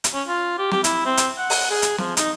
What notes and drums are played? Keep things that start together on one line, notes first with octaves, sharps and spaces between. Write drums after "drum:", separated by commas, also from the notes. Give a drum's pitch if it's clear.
drum: hi-hat
C#4
F4
G4
G4, drum: snare
E4, drum: hi-hat
C4
drum: hi-hat
F#5
drum: open hi-hat
G#4
drum: hi-hat
F3, drum: snare
D#4, drum: hi-hat